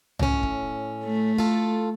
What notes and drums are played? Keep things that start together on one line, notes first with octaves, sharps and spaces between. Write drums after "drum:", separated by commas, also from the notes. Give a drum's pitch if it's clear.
A2 C#4, drum: tom C2
drum: kick
A3
F4 A4